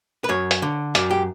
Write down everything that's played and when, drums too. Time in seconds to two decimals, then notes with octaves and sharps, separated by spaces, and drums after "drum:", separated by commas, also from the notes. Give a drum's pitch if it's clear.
0.24 B4
0.29 F#2 C#5
0.51 drum: hi-hat
0.62 D3
0.95 F#2 D5, drum: hi-hat
1.11 G4